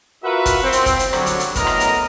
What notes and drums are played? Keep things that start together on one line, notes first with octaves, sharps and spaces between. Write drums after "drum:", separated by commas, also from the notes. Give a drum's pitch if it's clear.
F4 F#4 A#4 B4 E5 F#5
drum: kick, hi-hat
C4
drum: hi-hat
drum: kick, hi-hat
drum: hi-hat
D3 F#3 G3, drum: rim click
drum: hi-hat
drum: hi-hat
F#2 A2 B3 A#4 D#5 A#5, drum: kick, hi-hat
drum: rim click
drum: hi-hat